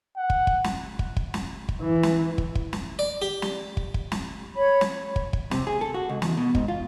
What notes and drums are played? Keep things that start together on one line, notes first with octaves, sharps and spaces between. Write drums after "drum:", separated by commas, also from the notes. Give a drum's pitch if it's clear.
F#5
drum: kick
drum: kick
drum: snare
drum: kick
drum: kick
drum: snare
drum: kick
E3
drum: snare
drum: kick
drum: kick
drum: snare
D5
G4
drum: snare
drum: kick
drum: kick
drum: snare
C#5 B5
drum: snare
drum: kick
drum: kick
C3, drum: snare
G#4
A4
F#4
C#2
E2, drum: snare
B2
G#2, drum: kick
F4